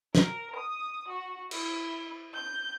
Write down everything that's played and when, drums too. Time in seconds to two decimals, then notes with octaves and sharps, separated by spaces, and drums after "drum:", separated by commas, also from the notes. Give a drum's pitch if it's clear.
0.15 A#4, drum: snare
0.56 D#6
1.08 F#4
1.51 E4, drum: cymbal
2.34 G6